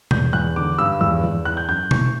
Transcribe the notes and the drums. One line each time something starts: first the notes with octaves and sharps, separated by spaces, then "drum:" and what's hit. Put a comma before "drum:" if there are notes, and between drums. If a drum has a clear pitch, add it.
E2 G6, drum: tom B2
E2 F#6
D3 D6
G2 E6
E2 E6
E2
E3 F#6
G6
F#2 G6
E3 C#6, drum: tom B2